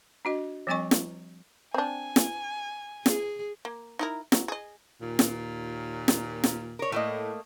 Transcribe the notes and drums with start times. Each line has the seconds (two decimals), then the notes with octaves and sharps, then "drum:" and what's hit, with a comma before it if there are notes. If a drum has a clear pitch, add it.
0.25 D4 F#4 D#5
0.67 F3 G3 C4 D#5 G#5 C#6
0.91 drum: snare
1.74 C4 D4 G#5
2.16 drum: snare
3.06 G#4, drum: snare
3.65 A#3
3.99 D#4 E4 A#4
4.32 F#3, drum: snare
4.48 G#4 D#5
5.01 D#2 A#2
5.19 drum: snare
6.08 drum: snare
6.44 drum: snare
6.79 A#4 C#5
6.92 A2 A3 A#3 D#5